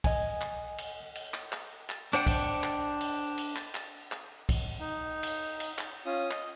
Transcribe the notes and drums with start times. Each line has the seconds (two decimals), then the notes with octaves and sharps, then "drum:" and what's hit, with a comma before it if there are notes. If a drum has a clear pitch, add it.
0.04 D#5 G#5, drum: kick B1, cymbal
0.41 drum: clap
0.78 drum: cymbal
1.15 drum: cymbal
1.34 drum: clap
1.52 drum: clap
1.90 drum: clap
2.13 D4 C5 F#5 G5
2.27 drum: kick B1, cymbal
2.64 drum: clap
3.01 drum: cymbal
3.38 drum: cymbal
3.56 drum: clap
3.75 drum: clap
4.12 drum: clap
4.49 drum: kick B1, cymbal
4.80 D#4
5.23 drum: cymbal
5.60 drum: cymbal
5.79 drum: clap
6.06 C#4 F4 D#6
6.31 D#5, drum: clap